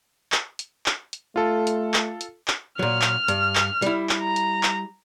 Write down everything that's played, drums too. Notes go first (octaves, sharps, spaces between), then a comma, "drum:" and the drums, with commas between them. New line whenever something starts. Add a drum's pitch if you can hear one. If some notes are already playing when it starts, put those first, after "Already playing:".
drum: clap
drum: hi-hat
drum: clap
drum: hi-hat
A3 F4 A4
drum: hi-hat
drum: clap
drum: hi-hat
drum: clap
A#2 F#3 F6
drum: clap
G2, drum: hi-hat
drum: clap
G3 E4, drum: hi-hat
drum: clap
A#5
drum: hi-hat
drum: clap